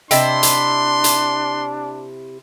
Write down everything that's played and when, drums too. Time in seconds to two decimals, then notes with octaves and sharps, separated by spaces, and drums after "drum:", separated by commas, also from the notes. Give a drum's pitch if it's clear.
0.11 C3 D4 E4 D#5 G5 C6, drum: hi-hat
0.43 drum: hi-hat
1.04 drum: hi-hat